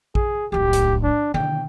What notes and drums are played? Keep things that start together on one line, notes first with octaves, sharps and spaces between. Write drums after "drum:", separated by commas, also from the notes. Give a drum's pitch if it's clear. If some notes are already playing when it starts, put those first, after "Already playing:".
G#4, drum: kick
D1 C2 G4
drum: hi-hat
D4
B2 D3 G5, drum: tom D3